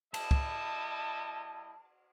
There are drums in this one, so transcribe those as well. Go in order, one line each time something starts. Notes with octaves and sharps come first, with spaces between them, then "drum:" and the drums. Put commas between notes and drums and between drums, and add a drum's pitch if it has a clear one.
G3 E4 D#5 A5, drum: cymbal
drum: kick